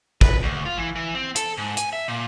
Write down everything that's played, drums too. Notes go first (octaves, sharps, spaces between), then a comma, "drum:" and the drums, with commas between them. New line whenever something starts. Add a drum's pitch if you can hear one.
B4, drum: kick
D2
F4
E3
E3
C4
A4, drum: hi-hat
G#2
G#5, drum: hi-hat
E5
A#2